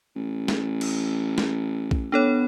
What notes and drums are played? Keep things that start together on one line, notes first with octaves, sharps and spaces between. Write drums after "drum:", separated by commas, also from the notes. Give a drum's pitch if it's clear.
A1
drum: snare
drum: cymbal
drum: snare
drum: kick A#1
B3 D4 A4 C#5